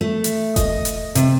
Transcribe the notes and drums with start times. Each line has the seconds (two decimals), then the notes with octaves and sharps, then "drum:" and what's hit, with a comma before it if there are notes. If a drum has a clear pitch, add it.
0.01 A3
0.24 drum: hi-hat
0.56 D#5, drum: kick F1, hi-hat
0.85 drum: hi-hat
1.15 C3, drum: hi-hat